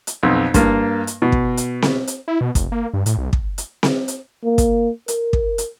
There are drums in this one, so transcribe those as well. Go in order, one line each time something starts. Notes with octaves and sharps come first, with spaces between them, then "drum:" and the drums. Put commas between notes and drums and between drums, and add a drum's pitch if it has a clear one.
drum: hi-hat
B1 F2
G2 A#3, drum: kick, hi-hat
drum: hi-hat
B2
drum: kick
drum: hi-hat
drum: snare C4
drum: hi-hat
E4
B2
F1, drum: kick, hi-hat
A#3
G2
A2, drum: hi-hat
C2
drum: kick
drum: hi-hat
drum: snare C4
drum: hi-hat
A#3
drum: kick, hi-hat
A#4, drum: hi-hat
drum: kick
drum: hi-hat